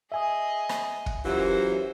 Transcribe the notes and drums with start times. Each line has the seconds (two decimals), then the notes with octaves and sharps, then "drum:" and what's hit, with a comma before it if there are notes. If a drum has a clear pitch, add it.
0.12 G#4 D#5 E5 G#5 D#6
0.69 drum: rim click
1.06 drum: kick
1.25 F#2 E3 F#3 F4 G4 A#4 C5